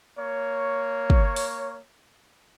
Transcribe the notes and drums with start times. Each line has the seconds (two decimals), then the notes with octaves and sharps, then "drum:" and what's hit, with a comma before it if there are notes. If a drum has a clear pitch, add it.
0.18 A#3 C#5
1.10 drum: kick
1.36 drum: open hi-hat